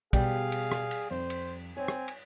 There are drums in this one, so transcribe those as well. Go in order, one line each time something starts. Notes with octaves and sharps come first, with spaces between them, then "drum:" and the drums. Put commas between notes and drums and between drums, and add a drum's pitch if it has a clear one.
B2 G3 G#4 F5, drum: kick, cymbal
drum: cymbal
drum: rim click
drum: cymbal
F2 C5
drum: cymbal
C4 C#5 G#5
drum: rim click
drum: cymbal